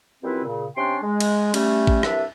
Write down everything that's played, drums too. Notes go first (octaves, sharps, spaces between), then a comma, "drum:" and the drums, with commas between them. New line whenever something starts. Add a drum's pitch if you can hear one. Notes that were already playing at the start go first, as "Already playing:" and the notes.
F#2 G3 C4 E4 F4 B4
A#2 C#3
C3 C#4 D4 G5 C6
G#3
drum: cymbal
G3 A3 C#4, drum: cymbal
drum: kick A1
C2 G2 D4 E5, drum: rim click